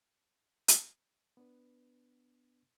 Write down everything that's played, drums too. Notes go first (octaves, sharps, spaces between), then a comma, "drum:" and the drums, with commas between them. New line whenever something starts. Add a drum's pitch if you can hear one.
drum: hi-hat
B3 D4 B4